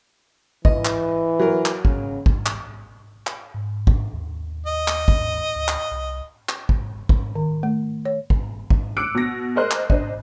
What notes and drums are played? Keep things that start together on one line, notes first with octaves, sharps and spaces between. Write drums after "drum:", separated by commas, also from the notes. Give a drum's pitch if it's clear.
E3 D#5, drum: kick
drum: clap
F#3 A#4
drum: clap
C#3, drum: kick
drum: kick
drum: clap
drum: clap
G#2
drum: kick
D#2
D#5
drum: clap
drum: kick
D2
drum: clap
C2
drum: clap
drum: kick
drum: kick
D#3
A3
C#5
drum: kick
drum: kick
D6 E6 F#6 C#7 D7
B2 A#6
G#4 A#4 C5 D#5 C6 F#6
drum: clap
D4 C5 D#5, drum: kick